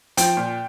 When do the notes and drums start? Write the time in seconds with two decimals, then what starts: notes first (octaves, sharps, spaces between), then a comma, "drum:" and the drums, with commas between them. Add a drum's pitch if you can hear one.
0.17 F3 G5, drum: hi-hat
0.37 A#2